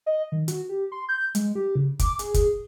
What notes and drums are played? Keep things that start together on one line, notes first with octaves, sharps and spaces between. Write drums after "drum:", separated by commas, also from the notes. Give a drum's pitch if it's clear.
D#5
D#3
F#4, drum: hi-hat
G4
C6
G6
G#3, drum: hi-hat
G4
C#3
D6, drum: kick, hi-hat
G#4, drum: hi-hat
drum: kick, hi-hat